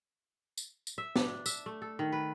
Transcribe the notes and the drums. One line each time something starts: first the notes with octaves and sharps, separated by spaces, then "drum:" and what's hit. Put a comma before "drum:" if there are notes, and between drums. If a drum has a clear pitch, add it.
drum: tambourine
drum: tambourine
E5
D4, drum: snare B4
E5, drum: tambourine
A3
A4
D#3
B4